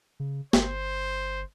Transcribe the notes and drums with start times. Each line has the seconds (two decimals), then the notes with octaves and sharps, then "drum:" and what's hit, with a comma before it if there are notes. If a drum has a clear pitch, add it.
0.20 C#3
0.53 G1 C5, drum: snare